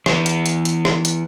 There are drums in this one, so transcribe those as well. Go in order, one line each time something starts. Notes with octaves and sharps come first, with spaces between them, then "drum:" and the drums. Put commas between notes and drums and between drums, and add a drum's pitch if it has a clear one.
E3 B3, drum: rim click
drum: hi-hat
drum: hi-hat
drum: hi-hat
drum: rim click
drum: hi-hat